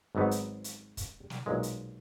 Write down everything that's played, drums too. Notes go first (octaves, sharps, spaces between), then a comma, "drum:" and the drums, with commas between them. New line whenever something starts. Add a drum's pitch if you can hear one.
G#1 G#2 F#3 B3 D#4
drum: hi-hat
drum: hi-hat
drum: kick, hi-hat
drum: snare
B1 A#2 G#3
drum: hi-hat